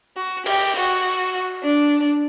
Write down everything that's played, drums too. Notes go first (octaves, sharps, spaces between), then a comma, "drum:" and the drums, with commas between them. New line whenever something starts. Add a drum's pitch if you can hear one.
F#4
G4, drum: cymbal
F#4
D4